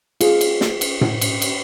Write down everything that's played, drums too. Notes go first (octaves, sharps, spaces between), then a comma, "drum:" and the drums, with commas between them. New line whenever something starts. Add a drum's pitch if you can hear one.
F4 G#4, drum: cymbal
drum: cymbal
drum: snare
drum: cymbal
drum: tom A2
drum: cymbal
drum: cymbal